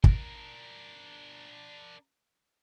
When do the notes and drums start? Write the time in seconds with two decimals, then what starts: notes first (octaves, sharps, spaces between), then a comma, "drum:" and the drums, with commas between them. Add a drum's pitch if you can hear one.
0.04 D4 A#4, drum: kick